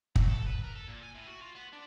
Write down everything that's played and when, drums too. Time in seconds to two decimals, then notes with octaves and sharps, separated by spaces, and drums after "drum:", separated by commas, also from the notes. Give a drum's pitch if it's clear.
0.16 F#3, drum: kick
0.29 A4
0.47 B4
0.64 A#4
0.75 A4
0.87 A#2
1.03 G#5
1.15 A2
1.27 F#4
1.41 F4
1.55 B3
1.72 D4